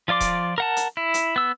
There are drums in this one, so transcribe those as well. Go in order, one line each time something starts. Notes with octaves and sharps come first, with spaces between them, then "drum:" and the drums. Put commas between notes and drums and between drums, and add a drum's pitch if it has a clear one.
F3 F4 D5 C6 D6
drum: kick D#1, hi-hat
A#4 F#5 A5
drum: hi-hat
E4
drum: hi-hat
B3 E6